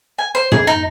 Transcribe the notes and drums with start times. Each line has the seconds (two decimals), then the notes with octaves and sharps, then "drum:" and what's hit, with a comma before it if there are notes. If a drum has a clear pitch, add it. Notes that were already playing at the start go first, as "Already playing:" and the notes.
0.18 G#5
0.35 C5
0.52 G#4, drum: tom F#2
0.67 D#4